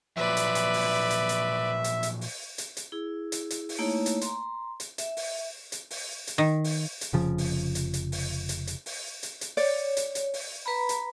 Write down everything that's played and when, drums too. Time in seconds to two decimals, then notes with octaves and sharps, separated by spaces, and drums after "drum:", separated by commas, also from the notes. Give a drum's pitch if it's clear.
0.17 A#2 F3 F#3 B4 D5 E5
0.37 drum: hi-hat
0.55 drum: hi-hat
0.74 drum: open hi-hat
1.11 drum: hi-hat
1.29 drum: hi-hat
1.84 drum: hi-hat
2.03 drum: hi-hat
2.21 drum: open hi-hat
2.58 drum: hi-hat
2.77 drum: hi-hat
2.92 E4 G#4
3.32 drum: hi-hat
3.51 drum: hi-hat
3.69 drum: open hi-hat
3.79 A3 A#3 D#4 E4 C#5
4.06 drum: hi-hat
4.21 A#5 C6, drum: hi-hat
4.80 drum: hi-hat
4.98 E5, drum: hi-hat
5.17 drum: open hi-hat
5.72 drum: hi-hat
5.91 drum: open hi-hat
6.27 drum: hi-hat
6.38 D#3
6.64 drum: open hi-hat
7.01 drum: hi-hat
7.13 F1 C#3 F3
7.38 drum: open hi-hat
7.75 drum: hi-hat
7.94 drum: hi-hat
8.12 drum: open hi-hat
8.49 drum: hi-hat
8.67 drum: hi-hat
8.86 drum: open hi-hat
9.23 drum: hi-hat
9.41 drum: hi-hat
9.57 C#5 D5, drum: open hi-hat
9.97 drum: hi-hat
10.15 drum: hi-hat
10.34 drum: open hi-hat
10.66 B4 A#5 B5
10.89 drum: hi-hat